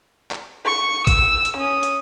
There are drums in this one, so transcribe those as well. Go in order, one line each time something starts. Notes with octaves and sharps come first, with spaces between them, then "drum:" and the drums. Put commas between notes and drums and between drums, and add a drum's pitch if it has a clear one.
drum: clap
C#6
E6, drum: kick A1, hi-hat
drum: hi-hat
C#4 D#6
drum: hi-hat